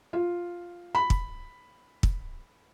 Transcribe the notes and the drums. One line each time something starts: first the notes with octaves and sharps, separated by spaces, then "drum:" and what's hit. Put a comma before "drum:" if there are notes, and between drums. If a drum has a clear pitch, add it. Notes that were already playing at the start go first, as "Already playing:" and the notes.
F4
B5
drum: kick
drum: kick